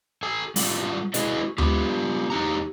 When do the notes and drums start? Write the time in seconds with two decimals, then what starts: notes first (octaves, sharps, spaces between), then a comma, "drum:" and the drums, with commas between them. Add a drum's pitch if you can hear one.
0.23 A4 G#5
0.56 G3 A3 F4 A4 F#5, drum: open hi-hat
1.14 E4 F#4 G#4 B4 D#5, drum: hi-hat
1.58 B3 F4 G4, drum: tom D2
2.30 E2 D#4 G4 A#5